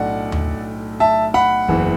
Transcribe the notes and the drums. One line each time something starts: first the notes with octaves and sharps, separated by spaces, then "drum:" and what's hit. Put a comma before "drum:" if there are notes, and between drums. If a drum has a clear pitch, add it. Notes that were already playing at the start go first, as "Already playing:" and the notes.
Already playing: B1 A2 A3 D4 D5 F#5
drum: tom D#2
E5 A5
F#5 B5
F#1 E2 E3